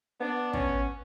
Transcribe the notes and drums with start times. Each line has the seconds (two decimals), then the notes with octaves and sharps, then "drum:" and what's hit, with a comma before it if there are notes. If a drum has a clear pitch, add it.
0.21 B3 D4
0.53 C#4, drum: kick